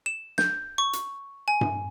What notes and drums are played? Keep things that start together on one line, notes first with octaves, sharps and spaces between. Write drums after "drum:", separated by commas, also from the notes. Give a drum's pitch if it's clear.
E7
G6, drum: snare
C#6
drum: hi-hat
G#5
drum: tom G2